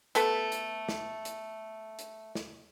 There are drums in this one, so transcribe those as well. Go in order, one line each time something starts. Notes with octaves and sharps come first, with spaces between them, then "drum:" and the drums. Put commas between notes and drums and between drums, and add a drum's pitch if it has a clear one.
A3 B3 A4 B4, drum: hi-hat
drum: hi-hat
drum: snare
drum: hi-hat
drum: hi-hat
drum: snare